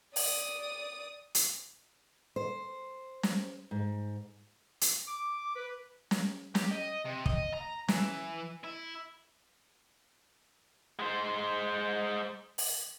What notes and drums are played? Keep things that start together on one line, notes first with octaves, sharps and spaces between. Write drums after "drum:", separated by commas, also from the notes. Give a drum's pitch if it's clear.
D5 D#6, drum: open hi-hat
drum: hi-hat
C5
drum: snare
G#2
drum: hi-hat
D6
B4
drum: snare
G4, drum: snare
D#5
C3
D#5, drum: kick
A#5
E3, drum: snare
E4
G#3 C5
drum: open hi-hat